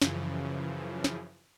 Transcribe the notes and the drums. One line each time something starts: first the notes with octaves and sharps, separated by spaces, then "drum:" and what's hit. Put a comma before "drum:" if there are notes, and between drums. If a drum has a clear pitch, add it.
F#2 C#3 E3 F3, drum: snare
drum: snare